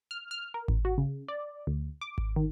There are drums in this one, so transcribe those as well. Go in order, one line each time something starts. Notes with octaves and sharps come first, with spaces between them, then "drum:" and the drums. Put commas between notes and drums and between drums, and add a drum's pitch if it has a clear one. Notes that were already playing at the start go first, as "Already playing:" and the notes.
F6
F6
A#4
A1, drum: kick G#1
F#4
C#3
D5
D2
D6
drum: kick G#1
D#3